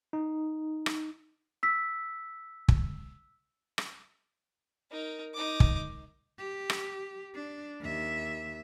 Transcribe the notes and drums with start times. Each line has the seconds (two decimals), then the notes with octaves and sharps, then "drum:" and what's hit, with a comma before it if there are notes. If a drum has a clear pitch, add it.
0.13 D#4
0.86 drum: rim click
1.63 E6 B6
2.68 drum: kick
3.78 drum: rim click
4.91 D#4 A#4
5.34 D#4 D6
5.60 drum: kick
6.39 G4
6.70 drum: rim click
7.35 D4
7.80 D#2 E5